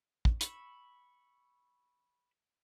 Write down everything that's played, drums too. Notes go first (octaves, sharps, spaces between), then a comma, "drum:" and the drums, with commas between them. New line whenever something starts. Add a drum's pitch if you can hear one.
drum: kick
B5 C#6 E6, drum: hi-hat